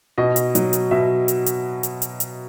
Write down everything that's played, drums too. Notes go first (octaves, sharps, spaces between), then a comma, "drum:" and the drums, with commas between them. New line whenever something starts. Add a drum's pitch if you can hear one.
B2 D#5
drum: hi-hat
F#3, drum: hi-hat
drum: hi-hat
B2 E5
drum: hi-hat
drum: hi-hat
drum: hi-hat
drum: hi-hat
drum: hi-hat